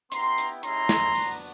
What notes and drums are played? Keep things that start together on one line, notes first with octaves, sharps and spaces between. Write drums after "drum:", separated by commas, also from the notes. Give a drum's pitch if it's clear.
B3 E4 G4 A#5 C6, drum: hi-hat
drum: hi-hat
G#3 C#4 E4 G4 A#5 C6, drum: hi-hat
drum: snare
B3 D4 F#4, drum: open hi-hat